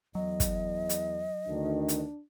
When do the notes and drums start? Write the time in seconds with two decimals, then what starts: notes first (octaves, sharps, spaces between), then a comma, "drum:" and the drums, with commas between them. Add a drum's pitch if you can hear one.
0.15 E2 F#3 D#5
0.40 drum: kick, hi-hat
0.89 drum: hi-hat
1.48 D2 D#3 D4
1.88 drum: hi-hat